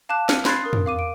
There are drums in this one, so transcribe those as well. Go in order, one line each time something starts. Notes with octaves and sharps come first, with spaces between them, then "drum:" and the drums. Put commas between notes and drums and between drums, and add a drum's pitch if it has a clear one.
F5 A5 D6 F#6 E7
F6 C#7 D#7, drum: snare
B5 C6 F#6 G#6 A6 C7, drum: snare
A#4 D#6
drum: tom
F5 D6 D#7
D7